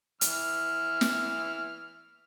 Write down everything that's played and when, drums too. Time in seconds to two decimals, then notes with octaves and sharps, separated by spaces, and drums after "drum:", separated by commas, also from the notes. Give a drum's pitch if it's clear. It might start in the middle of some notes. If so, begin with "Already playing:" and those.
0.21 E3 F6, drum: hi-hat
1.01 drum: snare